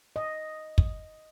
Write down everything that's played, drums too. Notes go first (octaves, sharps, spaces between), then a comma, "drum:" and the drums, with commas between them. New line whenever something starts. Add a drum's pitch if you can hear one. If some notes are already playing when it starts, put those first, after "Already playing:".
D#5
drum: kick